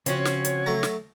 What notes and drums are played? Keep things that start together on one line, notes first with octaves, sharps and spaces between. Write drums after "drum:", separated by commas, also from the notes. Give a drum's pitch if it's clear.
C#3 F3 C4 C#4 F#4 C#5, drum: hi-hat
drum: snare
drum: hi-hat
F#3 A3 A#5
drum: snare